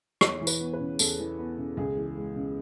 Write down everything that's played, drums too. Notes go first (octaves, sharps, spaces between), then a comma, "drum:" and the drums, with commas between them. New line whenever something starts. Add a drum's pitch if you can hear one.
E2 C#5, drum: rim click
E3
B4, drum: tambourine
B3
B4
C#3
E2 A4, drum: tambourine
E3
B3
C#3
C#2 G#4
E3
G#3
C#3